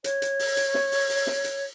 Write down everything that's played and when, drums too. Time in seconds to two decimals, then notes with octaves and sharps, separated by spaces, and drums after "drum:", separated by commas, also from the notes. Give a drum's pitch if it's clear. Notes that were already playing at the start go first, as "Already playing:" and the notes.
0.04 C#5, drum: hi-hat
0.22 drum: hi-hat
0.39 drum: open hi-hat
0.57 drum: hi-hat
0.74 drum: snare
0.92 drum: open hi-hat
1.09 drum: open hi-hat
1.27 drum: snare
1.44 drum: hi-hat